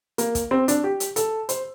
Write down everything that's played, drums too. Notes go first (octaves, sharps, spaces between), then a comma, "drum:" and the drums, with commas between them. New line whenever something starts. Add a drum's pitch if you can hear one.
A#3, drum: hi-hat
drum: kick, hi-hat
C4
D4, drum: hi-hat
G4
drum: hi-hat
A4, drum: hi-hat
C5, drum: hi-hat